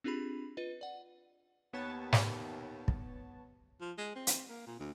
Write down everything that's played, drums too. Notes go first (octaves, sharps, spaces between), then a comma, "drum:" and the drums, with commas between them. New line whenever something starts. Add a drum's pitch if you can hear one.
C4 D4 F4 G4 G#4 B5
F4 B4 D#5
D5 F#5
D#2 B3 C#5 A5
drum: snare
drum: kick
F3
G#3
C4
drum: hi-hat
A#3
A#2
D2